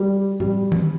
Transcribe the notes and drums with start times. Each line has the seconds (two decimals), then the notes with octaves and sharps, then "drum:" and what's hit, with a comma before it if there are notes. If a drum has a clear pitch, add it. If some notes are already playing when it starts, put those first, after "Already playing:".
Already playing: G3
0.40 G3, drum: tom A2
0.72 drum: tom